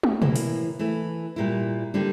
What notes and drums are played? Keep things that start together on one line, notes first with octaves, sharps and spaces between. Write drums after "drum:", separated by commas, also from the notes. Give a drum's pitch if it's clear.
drum: tom
A2 E3 A#3 E4, drum: tom B2
drum: open hi-hat
E3 A3 E4
A#2 G3 A#3 E4
D3 G3 A#3 D4 G4